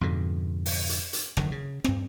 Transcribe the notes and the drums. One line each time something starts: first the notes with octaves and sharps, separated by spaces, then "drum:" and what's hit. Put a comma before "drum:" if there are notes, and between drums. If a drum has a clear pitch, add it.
F2 G#2 B2 D3
drum: open hi-hat
drum: hi-hat
drum: hi-hat
F#1 D3 D#3, drum: rim click
C#3
G2 C4, drum: rim click